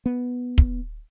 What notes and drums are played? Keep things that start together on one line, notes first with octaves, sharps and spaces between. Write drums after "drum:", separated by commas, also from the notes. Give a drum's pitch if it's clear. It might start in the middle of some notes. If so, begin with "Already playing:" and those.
B3
drum: kick